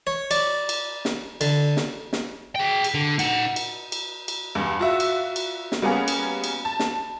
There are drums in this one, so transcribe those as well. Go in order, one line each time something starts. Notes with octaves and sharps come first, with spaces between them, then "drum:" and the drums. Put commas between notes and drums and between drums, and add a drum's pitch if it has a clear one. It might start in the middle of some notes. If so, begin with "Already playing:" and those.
C#5
D5, drum: cymbal
drum: cymbal
drum: snare
D3, drum: cymbal
drum: snare
drum: snare
G#4 G5
drum: cymbal
D3
D#4 F#5, drum: cymbal
drum: cymbal
drum: cymbal
drum: cymbal
E2 G2
F4 F#4 E5
drum: cymbal
drum: cymbal
drum: snare
G3 A#3 B3 C#4 G#4
drum: cymbal
drum: cymbal
A5
drum: snare